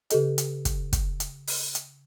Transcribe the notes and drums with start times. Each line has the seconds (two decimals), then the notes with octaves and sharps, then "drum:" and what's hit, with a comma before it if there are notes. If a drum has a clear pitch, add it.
0.10 C#3 G4 A4 D#5, drum: hi-hat
0.38 drum: hi-hat
0.65 drum: kick, hi-hat
0.93 drum: kick, hi-hat
1.20 drum: hi-hat
1.47 drum: open hi-hat
1.75 drum: hi-hat